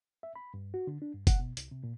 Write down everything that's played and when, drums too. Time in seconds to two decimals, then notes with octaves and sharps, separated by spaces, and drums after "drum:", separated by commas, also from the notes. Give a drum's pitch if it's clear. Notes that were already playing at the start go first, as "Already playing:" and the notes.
0.23 E5
0.36 B5
0.54 G2
0.74 F#4
0.87 D3
1.02 D4
1.14 G2
1.27 F#5, drum: kick F#1, hi-hat
1.39 B2
1.57 C2, drum: hi-hat
1.71 C3
1.83 A#2